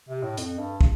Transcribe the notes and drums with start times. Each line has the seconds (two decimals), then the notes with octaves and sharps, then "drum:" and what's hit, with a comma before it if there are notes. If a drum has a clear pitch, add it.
0.09 C3
0.23 A2
0.37 F2, drum: hi-hat
0.58 G2
0.81 drum: kick